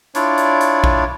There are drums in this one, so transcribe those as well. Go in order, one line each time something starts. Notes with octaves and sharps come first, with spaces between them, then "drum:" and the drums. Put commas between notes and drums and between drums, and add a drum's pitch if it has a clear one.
D4 E4 F4 C#5 D5, drum: hi-hat
drum: hi-hat
drum: hi-hat
drum: kick